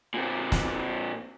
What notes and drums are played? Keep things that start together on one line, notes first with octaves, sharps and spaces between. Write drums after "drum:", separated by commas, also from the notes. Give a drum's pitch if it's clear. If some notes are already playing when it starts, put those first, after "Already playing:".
A#2 C4
drum: snare